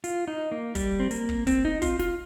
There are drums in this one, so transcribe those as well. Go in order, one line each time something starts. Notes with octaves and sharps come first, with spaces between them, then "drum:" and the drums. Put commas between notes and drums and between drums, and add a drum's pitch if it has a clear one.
F4, drum: hi-hat
D#4
A#3
G3, drum: kick, hi-hat
C4
A#3, drum: hi-hat
drum: kick
C4, drum: kick, hi-hat
D#4
F4, drum: kick, hi-hat
F4, drum: snare